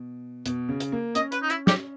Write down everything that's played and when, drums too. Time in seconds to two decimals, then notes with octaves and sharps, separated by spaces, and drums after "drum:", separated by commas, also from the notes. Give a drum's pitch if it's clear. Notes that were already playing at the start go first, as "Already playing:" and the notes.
Already playing: B2
0.46 B2, drum: hi-hat
0.69 C#3
0.80 drum: hi-hat
0.92 A#3
1.15 C#4 D#5, drum: hi-hat
1.32 B4, drum: hi-hat
1.42 D#4
1.50 E4, drum: hi-hat
1.67 G4, drum: snare